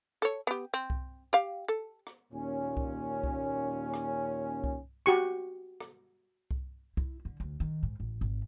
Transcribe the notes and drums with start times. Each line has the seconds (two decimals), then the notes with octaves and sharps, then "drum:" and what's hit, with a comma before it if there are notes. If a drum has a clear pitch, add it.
0.22 A4 C#5
0.47 B3 G4
0.74 C4
0.90 drum: kick C2
1.33 G4 F5
1.68 A4
2.07 drum: rim click
2.33 D#2 A#2 C#4
2.77 drum: kick C2
3.23 drum: kick C2
3.94 drum: rim click
4.64 drum: kick C2
5.06 F#4 G4 C#6
5.80 drum: rim click
6.51 drum: kick C2
6.97 E4, drum: kick C2
7.25 D3
7.40 D2
7.60 D#3
7.83 G#2
8.00 A1
8.21 G#1